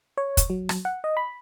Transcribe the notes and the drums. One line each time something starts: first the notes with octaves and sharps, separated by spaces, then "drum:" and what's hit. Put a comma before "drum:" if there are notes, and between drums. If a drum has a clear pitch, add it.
C#5
drum: kick, hi-hat
F#3
drum: rim click
F#5
D#5
B5